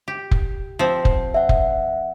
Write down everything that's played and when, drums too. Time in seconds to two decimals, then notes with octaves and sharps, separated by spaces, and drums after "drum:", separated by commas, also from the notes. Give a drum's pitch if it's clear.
0.08 G4
0.31 drum: kick F1
0.79 F3 C4
1.05 drum: kick F1
1.34 E5 F#5
1.49 drum: kick F1